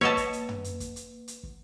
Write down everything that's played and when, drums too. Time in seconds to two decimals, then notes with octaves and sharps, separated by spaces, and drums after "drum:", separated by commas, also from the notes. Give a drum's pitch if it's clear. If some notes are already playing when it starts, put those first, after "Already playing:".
0.01 A#3 B4 C#5 D#5 F#5 A5
0.17 drum: kick, hi-hat
0.33 drum: hi-hat
0.49 drum: tom
0.64 drum: hi-hat
0.80 drum: kick, hi-hat
0.96 drum: hi-hat
1.28 drum: hi-hat
1.43 drum: kick